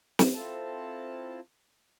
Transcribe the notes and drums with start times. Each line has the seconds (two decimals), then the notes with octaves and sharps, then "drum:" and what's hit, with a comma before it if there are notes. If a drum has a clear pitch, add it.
0.19 drum: snare
0.35 C4 E4 F4 A4 A5